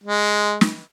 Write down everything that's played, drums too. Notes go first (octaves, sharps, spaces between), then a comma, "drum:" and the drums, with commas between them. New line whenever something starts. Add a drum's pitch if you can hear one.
G#3
drum: snare